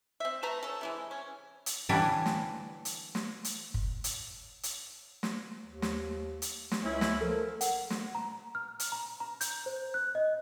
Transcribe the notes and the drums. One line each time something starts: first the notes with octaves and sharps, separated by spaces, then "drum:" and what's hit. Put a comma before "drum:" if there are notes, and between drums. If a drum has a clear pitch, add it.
C4 E5
A3 B4 A5 A#5
C#4 A4
C3 E3 G#3
C#4
drum: hi-hat
D3 E3 G3 C#4 D4 B4
drum: snare
drum: hi-hat
drum: snare
drum: hi-hat
drum: kick
drum: hi-hat
drum: hi-hat
drum: snare
D#2
drum: snare
drum: hi-hat
drum: snare
C#2 C#4 E4
drum: snare
F3 A4 A#4
F#5, drum: hi-hat
drum: snare
A#5
F6
drum: hi-hat
A#5
A#5
G6, drum: hi-hat
C5
F#6
D#5